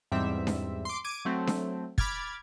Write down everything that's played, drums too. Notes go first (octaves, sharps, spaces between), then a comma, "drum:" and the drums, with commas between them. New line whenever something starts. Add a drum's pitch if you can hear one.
E2 G#2 G3 C4 E5
drum: snare D4
C6 D6
D6 G#6 D#7
F#3 A3 C4
drum: snare D4
B5 D6 F6 G#6 A6, drum: kick